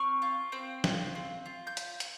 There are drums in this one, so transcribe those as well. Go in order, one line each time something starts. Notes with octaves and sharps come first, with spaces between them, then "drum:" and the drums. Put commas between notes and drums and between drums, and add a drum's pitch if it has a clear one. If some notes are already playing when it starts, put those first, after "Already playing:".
Already playing: C4 C#6 F6
F4
C4
F4, drum: snare
C4
F4
G6
drum: hi-hat
drum: hi-hat